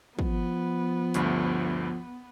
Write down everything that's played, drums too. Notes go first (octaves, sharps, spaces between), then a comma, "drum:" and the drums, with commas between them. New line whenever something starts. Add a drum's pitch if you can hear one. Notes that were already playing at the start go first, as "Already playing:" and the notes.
F3 B3, drum: kick
G1 D2 G2, drum: hi-hat